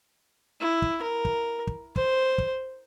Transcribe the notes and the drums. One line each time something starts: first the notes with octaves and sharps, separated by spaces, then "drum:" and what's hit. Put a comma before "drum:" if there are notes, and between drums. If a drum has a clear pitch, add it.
E4
drum: kick
A#4
drum: kick
drum: kick
C5, drum: kick
drum: kick